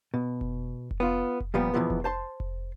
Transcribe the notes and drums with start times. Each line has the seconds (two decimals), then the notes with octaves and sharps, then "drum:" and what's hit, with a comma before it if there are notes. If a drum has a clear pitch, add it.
0.14 B2
0.41 drum: kick F1
0.91 drum: kick F1
1.00 B3 F4
1.40 drum: kick F1
1.54 A#2 F3 G3 B3
1.74 E2 G#2 B2 E3 F3 B3
1.90 drum: kick F1
2.04 C5 A5 C6
2.40 drum: kick F1